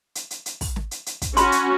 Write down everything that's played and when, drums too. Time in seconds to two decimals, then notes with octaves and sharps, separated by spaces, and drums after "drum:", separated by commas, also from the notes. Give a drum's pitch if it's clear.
0.15 drum: hi-hat
0.30 drum: hi-hat
0.46 drum: hi-hat
0.61 drum: kick, open hi-hat
0.76 drum: snare
0.91 drum: hi-hat
1.06 drum: hi-hat
1.22 drum: kick, hi-hat
1.37 C#4 F#4 B5 C6, drum: hi-hat
1.52 drum: hi-hat